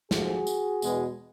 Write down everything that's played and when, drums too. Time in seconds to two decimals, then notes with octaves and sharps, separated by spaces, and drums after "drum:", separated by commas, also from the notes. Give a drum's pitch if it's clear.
0.11 A#1 G#2 F3 A3 F#4 G#4, drum: snare
0.47 drum: tambourine
0.82 E2 B2 G#3 B3, drum: tambourine